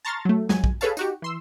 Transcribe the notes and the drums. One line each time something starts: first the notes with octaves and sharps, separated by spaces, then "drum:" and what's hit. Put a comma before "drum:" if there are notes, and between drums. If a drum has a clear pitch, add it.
A5 A#5 C6 C#6 F6 A6
F#3 A3
F2 F#3 G#3 G#5, drum: snare
drum: kick A#1
G#4 A4 B4 C#5 F5 A5, drum: tambourine
D#4 F#4 G4, drum: tambourine
E3 C6 E6